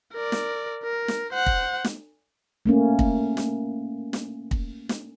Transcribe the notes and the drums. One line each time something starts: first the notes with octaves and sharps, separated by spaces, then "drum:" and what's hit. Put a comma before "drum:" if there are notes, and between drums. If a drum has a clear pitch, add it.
A#4 D5
drum: snare
A#4
drum: snare
C5 F#5
drum: kick
drum: snare
A3 A#3 C#4
drum: kick
drum: snare
drum: snare
drum: kick
drum: snare